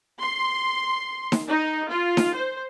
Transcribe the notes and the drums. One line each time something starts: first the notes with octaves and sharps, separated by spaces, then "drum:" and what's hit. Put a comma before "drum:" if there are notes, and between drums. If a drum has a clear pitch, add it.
C6
drum: snare D#4
D#4
F4
drum: snare D#4
C5